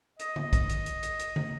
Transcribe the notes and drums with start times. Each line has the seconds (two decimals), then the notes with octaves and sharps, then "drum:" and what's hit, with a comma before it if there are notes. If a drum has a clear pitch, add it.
0.19 D#5, drum: hi-hat
0.36 drum: tom
0.53 drum: kick, hi-hat
0.69 drum: hi-hat
0.86 drum: hi-hat
1.03 drum: hi-hat
1.19 drum: hi-hat
1.36 drum: tom D3